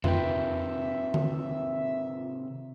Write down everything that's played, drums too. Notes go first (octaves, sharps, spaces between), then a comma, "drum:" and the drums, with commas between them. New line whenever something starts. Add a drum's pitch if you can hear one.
C3 D#3 F4 B4 E5 G5, drum: tom F2
drum: tom D3